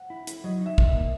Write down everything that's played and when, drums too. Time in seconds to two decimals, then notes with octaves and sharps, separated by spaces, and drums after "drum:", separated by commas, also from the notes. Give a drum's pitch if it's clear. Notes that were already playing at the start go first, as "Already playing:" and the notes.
Already playing: F#5
0.10 E4
0.27 E4, drum: hi-hat
0.44 F#3 D#5
0.61 D#4 E5
0.78 B2, drum: kick
0.89 E5
0.94 A#3